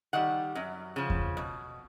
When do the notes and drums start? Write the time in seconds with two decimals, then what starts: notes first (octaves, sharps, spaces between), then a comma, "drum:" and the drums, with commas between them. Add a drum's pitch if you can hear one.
0.13 D#3 G3 F#5
0.55 F#2
0.96 C#3 F3
1.10 drum: kick E2
1.37 B2